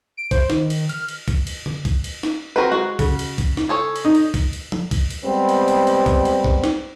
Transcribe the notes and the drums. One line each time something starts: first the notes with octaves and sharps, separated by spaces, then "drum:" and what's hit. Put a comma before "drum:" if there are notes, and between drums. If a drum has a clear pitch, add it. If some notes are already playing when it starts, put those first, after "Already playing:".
D7
C5, drum: kick B1, cymbal
D#3, drum: snare
drum: cymbal
F6, drum: cymbal
drum: cymbal
drum: kick B1, cymbal
drum: cymbal
drum: tom D3
drum: kick B1, cymbal
drum: cymbal
drum: snare
C4 F#4 A#4 B4
G#3 F#4
C#3, drum: kick B1, cymbal
drum: cymbal
drum: kick B1, cymbal
drum: snare
G#4 A4 C#5
drum: cymbal
D#4
drum: cymbal
drum: kick B1, cymbal
drum: cymbal
drum: tom
drum: kick B1, cymbal
drum: cymbal
G3 G#3 B3 C4
drum: cymbal
drum: cymbal
drum: cymbal
drum: kick B1, cymbal
drum: cymbal
drum: kick B1
drum: snare